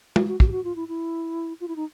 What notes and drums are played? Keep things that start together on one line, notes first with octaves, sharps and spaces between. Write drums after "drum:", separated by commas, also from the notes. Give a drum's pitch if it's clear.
F#4, drum: tom
F#4
F#4, drum: kick
G4
F#4
F4
E4
E4
F4
E4
D#4